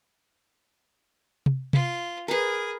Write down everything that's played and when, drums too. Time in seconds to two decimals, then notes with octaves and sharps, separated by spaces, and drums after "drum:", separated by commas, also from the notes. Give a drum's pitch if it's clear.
1.46 drum: tom C3
1.73 F4, drum: tom C3
2.28 G#4 A#4 B4